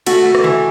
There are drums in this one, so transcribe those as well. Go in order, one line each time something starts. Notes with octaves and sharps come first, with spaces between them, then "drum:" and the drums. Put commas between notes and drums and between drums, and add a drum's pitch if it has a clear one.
A3 F#4, drum: cymbal
A3
drum: rim click
E3